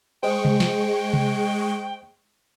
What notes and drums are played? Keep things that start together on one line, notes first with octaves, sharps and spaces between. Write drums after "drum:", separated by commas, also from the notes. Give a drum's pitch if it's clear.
G#3 C5 D#5 G5 C#6
drum: tom C3
drum: snare
drum: tom C3